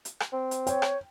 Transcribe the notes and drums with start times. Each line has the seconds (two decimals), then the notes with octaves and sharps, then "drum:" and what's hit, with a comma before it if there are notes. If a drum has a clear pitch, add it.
0.05 drum: hi-hat
0.20 drum: rim click
0.33 C4
0.51 drum: hi-hat
0.67 C#5 G5, drum: hi-hat
0.82 drum: rim click